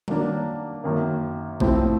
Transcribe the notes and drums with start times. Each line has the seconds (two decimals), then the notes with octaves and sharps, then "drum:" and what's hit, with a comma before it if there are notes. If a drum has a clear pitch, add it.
0.08 D#3 F#3 A#3 D4, drum: tom G3
0.84 F#2 D#3 F#3 A#3
1.60 A2 F3 A3 C4 E4, drum: kick A#1